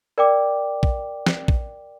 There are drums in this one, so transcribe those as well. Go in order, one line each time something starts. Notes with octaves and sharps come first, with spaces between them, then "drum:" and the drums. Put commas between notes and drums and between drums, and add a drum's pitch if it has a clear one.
A#4 D5 G5 D6
drum: kick
drum: snare
drum: kick